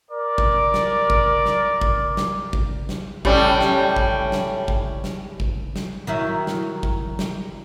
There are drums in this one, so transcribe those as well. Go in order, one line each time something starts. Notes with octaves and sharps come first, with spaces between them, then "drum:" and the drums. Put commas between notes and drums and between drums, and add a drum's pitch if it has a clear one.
A#4 D5
drum: kick G#1
drum: snare
drum: kick G#1
drum: snare
drum: kick G#1
drum: snare
drum: kick G#1
drum: snare
A2 G3 C#4, drum: kick G#1
drum: snare
drum: kick G#1
drum: snare
drum: kick G#1
drum: snare
drum: kick G#1
drum: snare
D#3 F#3 E4
drum: snare
drum: kick G#1
drum: snare